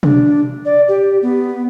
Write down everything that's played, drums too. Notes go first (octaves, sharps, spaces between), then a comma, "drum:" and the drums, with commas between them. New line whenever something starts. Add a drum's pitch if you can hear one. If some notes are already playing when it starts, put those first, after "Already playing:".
D4, drum: tom
D5
G4
B3